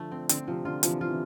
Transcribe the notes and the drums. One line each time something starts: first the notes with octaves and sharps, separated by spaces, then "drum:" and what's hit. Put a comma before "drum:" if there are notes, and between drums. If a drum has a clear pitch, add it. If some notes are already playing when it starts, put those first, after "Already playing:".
Already playing: D3 F3 A3
C4
D3 C4, drum: hi-hat
C3 F3
D3 F4
C3 E3 F3, drum: hi-hat
F4
C3 E3